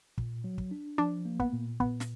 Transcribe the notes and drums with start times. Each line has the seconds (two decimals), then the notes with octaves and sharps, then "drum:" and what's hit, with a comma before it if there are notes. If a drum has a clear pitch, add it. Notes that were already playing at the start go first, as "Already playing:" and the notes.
0.18 A#2, drum: kick
0.44 F#3
0.58 drum: kick
0.71 D4
0.98 F3 D4
1.25 A#3
1.40 B3, drum: kick
1.53 A#2
1.80 A#2 B3, drum: kick
2.00 drum: snare